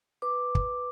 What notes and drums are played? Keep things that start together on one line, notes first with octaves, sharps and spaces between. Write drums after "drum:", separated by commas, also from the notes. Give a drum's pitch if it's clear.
B4 D6
drum: kick